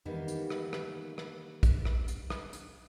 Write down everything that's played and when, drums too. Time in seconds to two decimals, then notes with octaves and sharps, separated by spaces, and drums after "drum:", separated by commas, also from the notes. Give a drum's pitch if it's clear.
0.05 D#3 E3 G3 A#3 B3 D#4
0.28 drum: hi-hat
0.50 drum: rim click
0.73 drum: rim click
1.18 drum: rim click
1.63 drum: kick, hi-hat
1.85 drum: rim click
2.08 drum: hi-hat
2.30 drum: rim click
2.53 drum: hi-hat